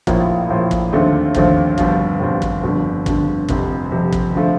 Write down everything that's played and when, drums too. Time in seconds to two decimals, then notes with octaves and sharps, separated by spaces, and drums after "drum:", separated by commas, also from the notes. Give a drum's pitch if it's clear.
0.07 A#1 A2 F3 A#3 F4, drum: kick
0.49 A#1 A2 F3 A#3 F4
0.71 drum: kick
0.93 D#2 D3 F3 A3 C4
1.35 D#2 D3 F3 A3 C4, drum: kick
1.78 G1 G2 F3 C4, drum: kick
2.20 G1 G2 F3 C4
2.42 drum: kick
2.63 G1 F2 D3
3.06 G1 F2 D3, drum: kick
3.48 F1 F2 C3, drum: kick
3.91 F1 F2 C3
4.12 drum: kick
4.35 D3 F3 A3